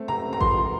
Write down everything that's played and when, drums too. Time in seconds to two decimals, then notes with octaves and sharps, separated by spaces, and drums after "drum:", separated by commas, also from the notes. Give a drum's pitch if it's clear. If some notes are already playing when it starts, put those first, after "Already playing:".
Already playing: A3 C4
0.08 C3 A#5
0.25 C4
0.33 A#5
0.41 F3 C6, drum: kick A1
0.57 F3